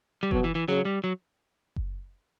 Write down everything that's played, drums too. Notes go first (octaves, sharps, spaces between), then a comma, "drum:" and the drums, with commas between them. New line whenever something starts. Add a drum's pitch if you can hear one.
G3
B2 F#3, drum: kick F#1
E3
E3
C#3 F#3
G3
F#3
drum: kick F#1